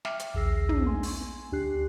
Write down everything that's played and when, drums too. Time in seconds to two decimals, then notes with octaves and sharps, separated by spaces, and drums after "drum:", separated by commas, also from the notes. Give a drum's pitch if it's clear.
0.05 E5 G5 D6 F6, drum: snare
0.19 drum: hi-hat
0.34 A#1 D#2 G#4 E6 A#6 C7
0.69 drum: tom
0.86 G#5 C6
1.03 drum: open hi-hat
1.52 D2 D4 G4 F#6 C7